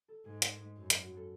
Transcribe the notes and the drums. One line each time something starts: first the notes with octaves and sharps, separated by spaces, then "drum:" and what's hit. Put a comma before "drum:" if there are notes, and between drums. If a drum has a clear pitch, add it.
A4
G#2 G#4
drum: hi-hat
F#2
F#4, drum: hi-hat
F#4
A4